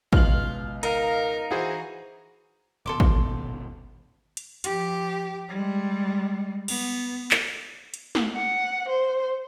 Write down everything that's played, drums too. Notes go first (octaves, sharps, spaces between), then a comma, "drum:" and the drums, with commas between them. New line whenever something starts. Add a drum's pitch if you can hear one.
C#2 B2 F4 F6 F#7, drum: kick
D#4 A#4 F5, drum: hi-hat
E3 E4 F#4 G#4 C5 F#5
D#1 B2 A4 C6 D6
drum: kick
drum: hi-hat
F3 G4, drum: hi-hat
G3 G#3
B3, drum: cymbal
drum: clap
drum: hi-hat
drum: snare
F#5
C5